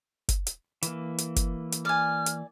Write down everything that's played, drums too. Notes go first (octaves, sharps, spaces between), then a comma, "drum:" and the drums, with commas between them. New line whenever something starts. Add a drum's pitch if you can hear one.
drum: kick F#1, hi-hat
drum: hi-hat
E3 A#3, drum: hi-hat
drum: hi-hat
drum: kick F#1, hi-hat
drum: hi-hat
D5 G#5 F6
drum: hi-hat